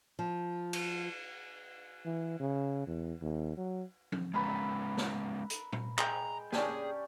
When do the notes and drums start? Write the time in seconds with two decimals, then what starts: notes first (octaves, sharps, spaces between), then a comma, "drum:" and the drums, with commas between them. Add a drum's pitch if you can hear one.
0.19 F3
0.73 drum: cymbal
2.05 E3
2.40 C#3
2.87 E2
3.22 D#2
3.58 F#3
4.12 drum: tom F3
4.34 G#3 B3 C#4 A#4 B4 B5
4.48 E5
4.97 drum: snare
5.50 drum: hi-hat
5.73 drum: tom A#2
5.98 G#3 G5 A#5, drum: clap
6.53 C#4 D4 G4 G#4, drum: snare